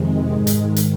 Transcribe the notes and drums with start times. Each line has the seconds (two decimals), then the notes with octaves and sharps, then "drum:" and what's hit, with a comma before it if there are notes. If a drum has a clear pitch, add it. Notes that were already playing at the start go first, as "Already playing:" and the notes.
Already playing: F2 C3 D#3 G#3
0.32 G#2 D#3
0.47 drum: hi-hat
0.76 drum: hi-hat